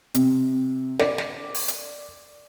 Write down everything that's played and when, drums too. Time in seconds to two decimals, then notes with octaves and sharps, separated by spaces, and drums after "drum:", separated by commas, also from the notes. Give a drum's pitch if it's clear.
0.14 C3, drum: hi-hat
0.99 D5, drum: snare
1.18 drum: snare
1.55 drum: open hi-hat
1.68 drum: hi-hat